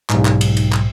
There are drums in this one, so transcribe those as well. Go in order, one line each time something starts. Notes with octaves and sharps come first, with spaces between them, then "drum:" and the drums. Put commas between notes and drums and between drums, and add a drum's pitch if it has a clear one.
B1 G#2, drum: clap
drum: clap
drum: cymbal
drum: cymbal
drum: clap